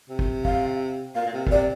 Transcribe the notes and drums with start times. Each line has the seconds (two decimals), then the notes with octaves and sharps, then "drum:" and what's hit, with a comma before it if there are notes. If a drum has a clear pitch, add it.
0.09 C3
0.19 drum: kick
0.45 F5, drum: kick
1.15 A#2 F5
1.26 A#2
1.34 C3
1.47 A#2, drum: kick
1.51 C3 D5